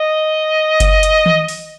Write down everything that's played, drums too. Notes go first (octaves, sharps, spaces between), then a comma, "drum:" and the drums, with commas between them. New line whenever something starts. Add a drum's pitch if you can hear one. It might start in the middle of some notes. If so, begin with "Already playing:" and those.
Already playing: D#5
drum: kick F#1, hi-hat
drum: hi-hat
drum: tom D#3
drum: open hi-hat